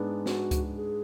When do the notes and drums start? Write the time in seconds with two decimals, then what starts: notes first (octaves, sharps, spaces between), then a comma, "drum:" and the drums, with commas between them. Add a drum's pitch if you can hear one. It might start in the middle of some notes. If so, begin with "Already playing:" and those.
Already playing: G#2 G#3 B3 D4
0.26 F#4, drum: snare
0.51 drum: kick C#2, hi-hat
0.77 G#4